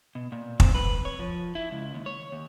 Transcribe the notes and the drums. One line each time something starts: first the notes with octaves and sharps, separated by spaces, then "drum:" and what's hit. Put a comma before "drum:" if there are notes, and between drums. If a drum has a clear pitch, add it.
B2
A#2
C4, drum: kick
B4
C#5
F3
E4
C#2
D#2
C#5
D#2